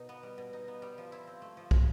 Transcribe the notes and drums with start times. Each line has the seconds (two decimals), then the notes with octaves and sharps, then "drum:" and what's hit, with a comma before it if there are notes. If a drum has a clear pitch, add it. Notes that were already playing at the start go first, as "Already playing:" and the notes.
Already playing: B2 D#4
0.09 B3
0.23 G3
0.38 B2
0.53 D#4
0.68 B3
0.82 G3
0.98 F3
1.12 E4
1.27 C4
1.42 A3
1.57 F3
1.71 E4, drum: kick